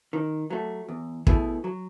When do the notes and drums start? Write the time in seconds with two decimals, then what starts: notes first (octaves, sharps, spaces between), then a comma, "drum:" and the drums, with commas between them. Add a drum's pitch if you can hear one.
0.13 D#3
0.50 F#3 A3
0.89 E2
1.27 B2 A3 E4 G#4, drum: kick
1.64 F#3